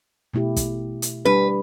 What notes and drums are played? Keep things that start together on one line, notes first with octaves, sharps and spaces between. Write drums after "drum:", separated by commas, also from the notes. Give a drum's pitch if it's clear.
B2 A3 E4 G4
drum: kick, hi-hat
drum: hi-hat
G3 D4 G4 B4